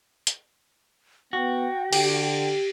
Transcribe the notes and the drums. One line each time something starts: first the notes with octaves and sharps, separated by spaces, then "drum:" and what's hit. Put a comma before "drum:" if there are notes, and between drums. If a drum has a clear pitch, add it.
drum: hi-hat
B3 F#4 G5
D3 G4, drum: cymbal